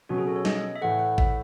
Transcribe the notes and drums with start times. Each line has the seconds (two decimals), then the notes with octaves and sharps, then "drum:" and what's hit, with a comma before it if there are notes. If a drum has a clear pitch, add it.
0.09 B2 F#3 C#4 F#4
0.18 G#4
0.27 A4
0.36 C#5
0.45 D#5, drum: snare
0.76 E5
0.81 A2 E3 A3 F#5
0.99 F#5
1.18 E5, drum: kick A1